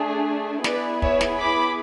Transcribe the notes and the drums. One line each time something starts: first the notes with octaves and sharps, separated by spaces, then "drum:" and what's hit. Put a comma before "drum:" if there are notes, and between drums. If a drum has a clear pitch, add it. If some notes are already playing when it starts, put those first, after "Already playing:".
Already playing: A3 D4 G#4
B3 E4 G#4 B4 D5, drum: snare
C#5 E5, drum: kick
drum: snare
B5 D6